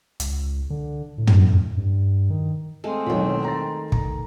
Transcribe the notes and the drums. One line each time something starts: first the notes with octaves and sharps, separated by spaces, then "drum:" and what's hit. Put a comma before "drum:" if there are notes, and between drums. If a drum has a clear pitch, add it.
C#2, drum: hi-hat
D3
A2
drum: tom
G2
D#3
G#3 A3 C4 F5
E1 B1 D#3 B5
A#5 C6 A6
A#5, drum: kick